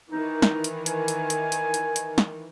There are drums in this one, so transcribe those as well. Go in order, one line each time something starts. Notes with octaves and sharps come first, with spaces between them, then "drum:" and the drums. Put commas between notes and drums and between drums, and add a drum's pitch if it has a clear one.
D#3 E3 D#4
drum: snare
drum: hi-hat
G#5, drum: hi-hat
drum: hi-hat
drum: hi-hat
drum: hi-hat
drum: hi-hat
drum: hi-hat
drum: snare